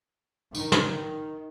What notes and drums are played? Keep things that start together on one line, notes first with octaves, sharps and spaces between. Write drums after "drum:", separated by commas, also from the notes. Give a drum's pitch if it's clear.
D#3, drum: tambourine
drum: snare